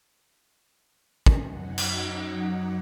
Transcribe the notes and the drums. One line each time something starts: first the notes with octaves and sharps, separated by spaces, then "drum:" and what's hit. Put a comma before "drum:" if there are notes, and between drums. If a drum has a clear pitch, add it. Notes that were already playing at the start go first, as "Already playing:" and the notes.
drum: kick
F#2 F#3 D#4 F#5
drum: cymbal